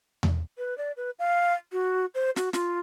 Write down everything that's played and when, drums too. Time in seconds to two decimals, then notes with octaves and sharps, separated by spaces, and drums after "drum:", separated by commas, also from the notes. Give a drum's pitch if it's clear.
0.23 drum: tom E2
0.58 B4
0.78 D5
0.97 B4
1.19 F5
1.72 F#4
2.15 C5
2.36 F#4, drum: snare
2.53 F4, drum: snare